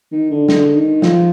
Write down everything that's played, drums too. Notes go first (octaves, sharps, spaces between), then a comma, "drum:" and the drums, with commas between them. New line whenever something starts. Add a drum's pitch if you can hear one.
D#3
D3
D3, drum: snare
D#3
F3, drum: snare